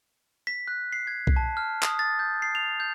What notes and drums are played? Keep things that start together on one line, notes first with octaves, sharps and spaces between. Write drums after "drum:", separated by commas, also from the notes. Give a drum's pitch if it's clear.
B6
F#6
C7
G#6
drum: kick B1
A5
F6
D#6, drum: clap
A6
G6
C7
F7
G6